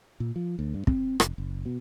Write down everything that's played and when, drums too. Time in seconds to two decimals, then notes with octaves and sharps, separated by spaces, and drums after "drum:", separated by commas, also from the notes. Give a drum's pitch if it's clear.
0.20 A#2
0.36 F3
0.59 D2
0.74 G2
0.87 C4, drum: kick
1.20 F1, drum: rim click
1.38 F#1
1.66 B2